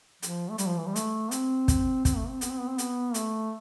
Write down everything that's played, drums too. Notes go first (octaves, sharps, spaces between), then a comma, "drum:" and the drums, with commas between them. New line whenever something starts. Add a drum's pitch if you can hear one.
F3, drum: hi-hat
A3
G3, drum: hi-hat
F3
E3
G3
A3, drum: hi-hat
C4, drum: hi-hat
drum: kick, hi-hat
C4, drum: kick, hi-hat
A3
C4
B3, drum: hi-hat
C4
B3
C4
B3, drum: hi-hat
A3, drum: hi-hat